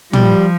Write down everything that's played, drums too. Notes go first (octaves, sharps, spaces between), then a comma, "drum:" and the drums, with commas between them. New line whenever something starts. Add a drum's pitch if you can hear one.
F3 G3, drum: tom